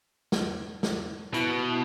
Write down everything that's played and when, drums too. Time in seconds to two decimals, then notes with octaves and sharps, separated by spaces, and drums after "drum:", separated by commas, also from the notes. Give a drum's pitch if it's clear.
0.32 drum: snare
0.83 drum: snare
1.34 B2 E4, drum: hi-hat